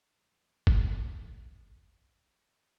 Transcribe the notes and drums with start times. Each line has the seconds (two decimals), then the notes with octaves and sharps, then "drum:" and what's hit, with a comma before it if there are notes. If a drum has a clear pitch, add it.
0.11 F2 A#2 D3
0.67 drum: kick G1